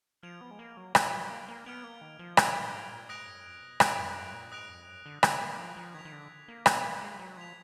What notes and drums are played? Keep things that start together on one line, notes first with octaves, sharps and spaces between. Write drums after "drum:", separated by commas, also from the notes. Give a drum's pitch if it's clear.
F3 F6 G#6 D7 F7
B3
G#3
A#3
F#3
F6 G#6 D7 F7, drum: rim click
F3
F#3
A#3
A#3
B3 F6 G#6 D7 F7
A#3
D#3
F3
D3 F6 G#6 D7 F7, drum: rim click
A#2
G#2
A#2
G#2 D#6 F#6 A#6 D7 F7
F#2
F2
B2
G#2 D#6 F#6 A#6 D7 F7, drum: rim click
F2
F#2
A#2
G#2 D#6 F#6 A#6 D7 F7
F2
F#2
D3
D3 D#6 F#6 A#6 D7 F7, drum: rim click
A#3
F3
F3
D#3 G#6 B6 F7
D#3
D3
A#3
B3 G#6 B6 F7, drum: rim click
A#3
G#3
F#3
F3 G#6 B6 F7